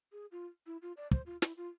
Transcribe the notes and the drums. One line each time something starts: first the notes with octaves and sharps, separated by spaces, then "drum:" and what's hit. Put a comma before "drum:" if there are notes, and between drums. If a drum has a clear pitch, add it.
G#4
F4
E4
F4
D5
C5, drum: kick
F4
E4, drum: snare
F4